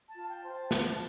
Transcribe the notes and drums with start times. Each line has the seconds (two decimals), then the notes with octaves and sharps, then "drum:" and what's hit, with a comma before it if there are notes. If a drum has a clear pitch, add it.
0.08 A5
0.14 F4
0.29 G5
0.43 C5
0.50 A5
0.71 F4 A5, drum: snare